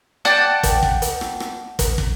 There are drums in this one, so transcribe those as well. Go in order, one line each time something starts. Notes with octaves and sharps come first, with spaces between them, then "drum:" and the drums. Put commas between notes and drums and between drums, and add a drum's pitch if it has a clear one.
D5 F#5 G5 A5, drum: rim click
drum: kick, hi-hat
drum: kick
drum: hi-hat
drum: rim click
drum: rim click
drum: kick, hi-hat
drum: kick